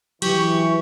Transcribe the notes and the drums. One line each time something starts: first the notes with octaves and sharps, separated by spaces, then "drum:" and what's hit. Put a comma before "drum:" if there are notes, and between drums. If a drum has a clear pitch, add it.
E3 F#3 G4 C#6, drum: cymbal